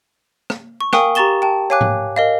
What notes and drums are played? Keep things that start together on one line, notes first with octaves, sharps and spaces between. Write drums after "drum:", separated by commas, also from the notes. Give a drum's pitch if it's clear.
drum: rim click
C#6
A#4 F5 G5 G#5 C#6 D#6, drum: rim click
G4 A#5 C#6 A6 E7 G7
G5 A5
C#5 F5 G#5 D6 F#6
drum: tom
A#4 D#5 F5